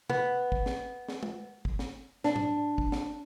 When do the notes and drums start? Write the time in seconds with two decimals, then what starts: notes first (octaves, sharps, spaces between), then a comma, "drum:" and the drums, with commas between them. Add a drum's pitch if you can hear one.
0.10 B3, drum: tom
0.52 drum: kick
0.66 drum: snare
1.08 drum: snare
1.23 drum: tom
1.65 drum: kick
1.79 drum: snare
2.24 D4, drum: snare
2.36 drum: tom G#2
2.78 drum: kick
2.92 drum: snare